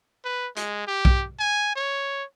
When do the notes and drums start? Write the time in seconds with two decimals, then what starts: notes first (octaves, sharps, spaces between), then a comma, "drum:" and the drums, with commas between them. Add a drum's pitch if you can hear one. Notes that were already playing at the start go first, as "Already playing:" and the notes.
0.25 B4
0.57 G#3, drum: hi-hat
0.87 G4
1.05 drum: kick
1.40 G#5
1.76 C#5